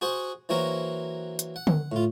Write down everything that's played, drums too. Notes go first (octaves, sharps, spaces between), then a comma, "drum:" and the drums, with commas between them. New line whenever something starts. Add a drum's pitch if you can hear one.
F#4 G#4 C5 F#5 G#5
E3 F#3 A#3 C4 F#4 A#4
drum: hi-hat
F#5
drum: tom D3
A2 F4